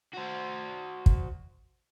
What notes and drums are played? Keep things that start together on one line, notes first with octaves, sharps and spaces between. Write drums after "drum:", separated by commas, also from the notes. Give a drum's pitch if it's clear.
F#4 C5
drum: kick